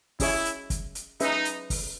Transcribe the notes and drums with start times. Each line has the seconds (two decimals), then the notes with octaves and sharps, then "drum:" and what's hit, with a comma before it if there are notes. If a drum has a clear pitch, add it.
0.20 C#4 E4 G#4 C#5 E5, drum: kick, open hi-hat
0.45 drum: hi-hat
0.70 drum: kick, hi-hat
0.95 drum: hi-hat
1.20 C#4 D#4 G#4 B4 E5, drum: hi-hat
1.45 drum: hi-hat
1.70 drum: kick, open hi-hat